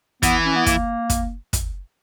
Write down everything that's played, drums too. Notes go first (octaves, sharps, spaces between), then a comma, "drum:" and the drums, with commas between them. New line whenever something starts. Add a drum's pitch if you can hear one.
E3 B3, drum: kick, hi-hat
C#4
B3
A#3, drum: kick, hi-hat
drum: kick, hi-hat
drum: kick, hi-hat